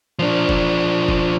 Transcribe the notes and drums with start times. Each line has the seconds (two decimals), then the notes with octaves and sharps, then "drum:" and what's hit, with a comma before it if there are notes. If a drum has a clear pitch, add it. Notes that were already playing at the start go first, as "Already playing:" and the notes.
0.19 F3 D4
0.49 drum: kick
1.08 drum: kick